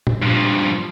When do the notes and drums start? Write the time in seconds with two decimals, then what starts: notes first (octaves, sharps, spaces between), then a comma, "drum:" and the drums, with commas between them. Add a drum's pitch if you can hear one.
0.07 drum: tom A#2
0.22 G2 F3